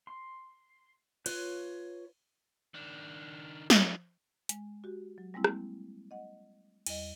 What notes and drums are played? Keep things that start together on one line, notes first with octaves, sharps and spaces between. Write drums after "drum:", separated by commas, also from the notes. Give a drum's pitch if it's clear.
C6
F4 B4 C#5 F#6, drum: cymbal
D#3 D4
drum: snare
G#3, drum: hi-hat
F#4 G4
F#3
G3 G#3 A#3 C4 E4
drum: rim click
D#5 F#5
E2 G3 D#5, drum: cymbal